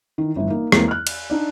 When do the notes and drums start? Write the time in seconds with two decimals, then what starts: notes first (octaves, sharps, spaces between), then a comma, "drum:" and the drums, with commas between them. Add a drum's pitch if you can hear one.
0.18 D#3 E3
0.36 G1 A2 E3
0.50 A#3 D#4
0.72 E2 G#3 A#3 C4, drum: rim click
0.88 F6 F#6
1.07 drum: cymbal
1.30 D4 D#4 D5